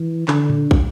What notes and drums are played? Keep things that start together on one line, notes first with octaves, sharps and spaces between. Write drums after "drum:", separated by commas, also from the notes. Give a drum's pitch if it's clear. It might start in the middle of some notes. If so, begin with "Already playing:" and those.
Already playing: E3
D3, drum: clap
drum: tom A2
drum: kick